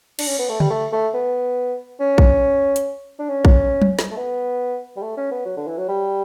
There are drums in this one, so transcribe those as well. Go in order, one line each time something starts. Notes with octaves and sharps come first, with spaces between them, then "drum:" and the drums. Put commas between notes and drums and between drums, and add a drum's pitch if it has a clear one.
D4, drum: cymbal
C#4
B3
A3
G3, drum: tom C#3
A3
A3
B3
C#4
drum: kick
drum: hi-hat
D4
C#4
drum: kick
drum: tom F#3
drum: snare
A3
B3
G3
A3
C#4
B3
F#3
D3
E3
F#3
G3